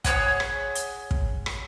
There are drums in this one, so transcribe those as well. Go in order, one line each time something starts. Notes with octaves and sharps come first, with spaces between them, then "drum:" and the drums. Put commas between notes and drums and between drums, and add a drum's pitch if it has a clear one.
G#4 B4 C#5 F#5, drum: kick, hi-hat
drum: rim click
drum: hi-hat
drum: kick
drum: rim click